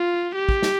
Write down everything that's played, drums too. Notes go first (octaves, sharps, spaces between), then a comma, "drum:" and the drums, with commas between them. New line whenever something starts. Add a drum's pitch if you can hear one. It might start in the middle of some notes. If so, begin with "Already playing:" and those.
Already playing: F4
G4
drum: kick
drum: snare